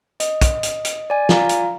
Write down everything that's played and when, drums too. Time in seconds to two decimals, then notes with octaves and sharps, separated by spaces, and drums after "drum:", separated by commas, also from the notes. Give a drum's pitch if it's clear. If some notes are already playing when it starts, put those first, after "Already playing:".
0.20 D#5, drum: hi-hat
0.41 drum: kick, hi-hat
0.63 drum: hi-hat
0.85 drum: hi-hat
1.10 D5 G#5
1.29 F4 F5 A#5, drum: snare
1.49 drum: hi-hat